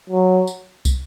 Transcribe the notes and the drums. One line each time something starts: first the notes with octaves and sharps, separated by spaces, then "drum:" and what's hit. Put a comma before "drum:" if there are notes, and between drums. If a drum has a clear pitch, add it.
F#3
drum: tambourine
drum: kick, tambourine